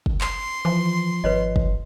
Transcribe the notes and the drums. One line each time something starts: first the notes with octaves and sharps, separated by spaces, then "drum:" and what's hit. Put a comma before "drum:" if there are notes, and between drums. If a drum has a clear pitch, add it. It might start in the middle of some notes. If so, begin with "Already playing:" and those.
drum: kick
C6, drum: clap
E3 F3
G#1 B4 C#5 D#5
drum: kick